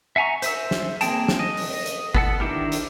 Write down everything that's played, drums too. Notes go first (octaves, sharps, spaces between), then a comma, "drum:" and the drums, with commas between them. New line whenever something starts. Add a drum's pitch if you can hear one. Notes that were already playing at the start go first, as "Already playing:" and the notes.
E5 F#5 G#5 A#5 C#6
C5 E5 E6, drum: hi-hat
drum: snare
A#3 C4 G#4 G5 A5, drum: hi-hat
drum: snare
D#5
drum: open hi-hat
drum: hi-hat
B3 A4 F#5, drum: kick G1
D#3 D4 E4 G4 A#4
drum: hi-hat